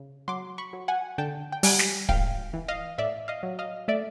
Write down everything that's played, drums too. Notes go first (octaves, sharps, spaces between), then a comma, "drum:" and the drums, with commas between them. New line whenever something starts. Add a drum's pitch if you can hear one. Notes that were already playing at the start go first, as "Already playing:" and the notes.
Already playing: C#3
F#3 C6 D6
B5 C#6
F#3
F#5 G#5
D3 G5 A5
G5
G3 F#5 G#5, drum: open hi-hat
drum: snare
G#1 F5 G5, drum: kick
E3
D#5 F5
A2 D5 E5
D#5 F5
F#3
D#5 F5
A3 D5 E5